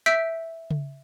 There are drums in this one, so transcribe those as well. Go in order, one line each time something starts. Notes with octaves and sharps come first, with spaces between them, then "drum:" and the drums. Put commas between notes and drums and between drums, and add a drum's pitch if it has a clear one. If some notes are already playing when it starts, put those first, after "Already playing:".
E5 E6 G6 B6 D7
drum: tom C#3